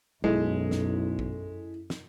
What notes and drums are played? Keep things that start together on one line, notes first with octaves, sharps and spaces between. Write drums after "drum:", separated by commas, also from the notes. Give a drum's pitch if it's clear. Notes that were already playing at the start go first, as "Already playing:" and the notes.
B1 F#2 G#3 E4 A4, drum: kick A#1
drum: snare
drum: kick A#1
drum: snare